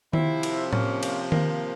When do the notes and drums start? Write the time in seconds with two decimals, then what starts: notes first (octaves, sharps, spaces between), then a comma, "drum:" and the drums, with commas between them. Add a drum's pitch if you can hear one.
0.13 C3 F3 C4 E4, drum: tom D#3
0.43 drum: cymbal
0.73 A#3 C#4, drum: tom A2
1.03 drum: cymbal
1.32 A#3, drum: tom D#3